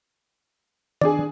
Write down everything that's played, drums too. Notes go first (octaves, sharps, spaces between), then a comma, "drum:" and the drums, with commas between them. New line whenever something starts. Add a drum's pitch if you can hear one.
D4 G#4 D5, drum: tom D#3